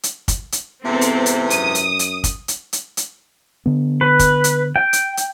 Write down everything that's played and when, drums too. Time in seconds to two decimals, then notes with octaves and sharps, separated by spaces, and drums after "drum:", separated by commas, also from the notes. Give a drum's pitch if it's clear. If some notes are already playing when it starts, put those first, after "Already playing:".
0.03 drum: hi-hat
0.28 drum: kick, hi-hat
0.52 drum: hi-hat
0.85 G#2 C3 E3 B3 C4 A4
1.01 drum: hi-hat
1.26 drum: hi-hat
1.50 F#2 D#6, drum: hi-hat
1.75 drum: hi-hat
1.99 drum: hi-hat
2.24 drum: kick, hi-hat
2.48 drum: hi-hat
2.73 drum: hi-hat
2.97 drum: hi-hat
3.66 D3 B3
4.01 B4
4.19 drum: kick, hi-hat
4.44 drum: hi-hat
4.76 G5
4.93 drum: hi-hat
5.17 drum: hi-hat